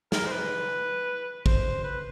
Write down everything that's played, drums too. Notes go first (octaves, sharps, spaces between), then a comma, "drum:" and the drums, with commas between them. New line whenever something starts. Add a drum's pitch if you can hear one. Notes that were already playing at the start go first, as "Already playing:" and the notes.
A#4, drum: snare
C5
B4
C5, drum: kick
B4